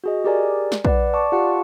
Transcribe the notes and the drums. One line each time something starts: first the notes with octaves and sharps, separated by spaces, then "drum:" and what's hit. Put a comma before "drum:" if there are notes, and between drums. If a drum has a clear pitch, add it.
F#4 G#4 D#5
G4 G#4 A#4 D5 G#5
drum: snare
B4 D5 F#5, drum: kick
D5 A5 C#6 D6
F4 G4 F5 F#5 A5 C#6